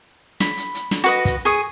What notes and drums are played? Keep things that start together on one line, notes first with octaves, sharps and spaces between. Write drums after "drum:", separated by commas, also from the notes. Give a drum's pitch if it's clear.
B5, drum: snare
drum: hi-hat
drum: hi-hat
drum: snare
F#4 B4 D#5
drum: kick, hi-hat
G#4 C#6 D#6